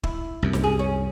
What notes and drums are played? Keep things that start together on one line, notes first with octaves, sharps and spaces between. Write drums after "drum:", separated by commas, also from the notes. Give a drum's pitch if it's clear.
E4, drum: kick
C2 F#2
drum: snare
G#4
C#4